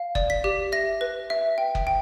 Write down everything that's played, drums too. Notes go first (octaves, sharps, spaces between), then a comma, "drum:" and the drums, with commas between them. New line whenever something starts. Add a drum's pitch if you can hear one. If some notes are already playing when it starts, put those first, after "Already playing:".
Already playing: F5
D5, drum: kick F#1
B6
G4
E5 A#6
B4
E5
G5
drum: kick F#1
G5